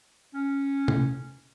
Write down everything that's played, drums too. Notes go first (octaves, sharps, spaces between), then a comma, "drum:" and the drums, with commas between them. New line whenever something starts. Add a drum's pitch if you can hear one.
C#4
drum: tom C3